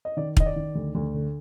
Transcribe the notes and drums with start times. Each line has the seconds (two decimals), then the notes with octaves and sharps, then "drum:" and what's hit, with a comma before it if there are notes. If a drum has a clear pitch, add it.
0.05 D#5
0.17 D#3 D5
0.37 D#3 D#5, drum: kick
0.46 D5
0.56 D#3
0.75 D2
0.95 D2
1.14 D3